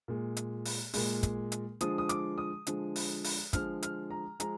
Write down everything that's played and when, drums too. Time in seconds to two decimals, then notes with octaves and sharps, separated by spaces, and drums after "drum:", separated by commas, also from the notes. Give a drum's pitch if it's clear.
0.08 A#2 G#3
0.37 drum: hi-hat
0.65 drum: open hi-hat
0.94 A#2 G#3, drum: open hi-hat
1.23 drum: kick, hi-hat
1.52 drum: hi-hat
1.81 D3 F3 G#3 D#6, drum: hi-hat
1.98 D#6
2.09 D6, drum: hi-hat
2.38 D#6
2.67 D3 F3 G#3, drum: hi-hat
2.96 drum: open hi-hat
3.24 drum: open hi-hat
3.53 D3 F3 G#3 F6, drum: kick, hi-hat
3.83 F6, drum: hi-hat
4.10 A#5
4.40 F3 G#3 A#5, drum: hi-hat